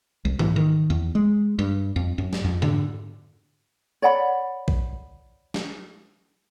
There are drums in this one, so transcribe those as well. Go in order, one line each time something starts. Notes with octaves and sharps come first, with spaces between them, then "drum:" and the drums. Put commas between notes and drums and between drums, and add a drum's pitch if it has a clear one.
C2
E3, drum: tom G#2
D#3
E2
G#3
G2
F2
F#2
drum: snare
F2
D3, drum: tom G#2
C#5 D5 F#5 B5
drum: kick B1
drum: snare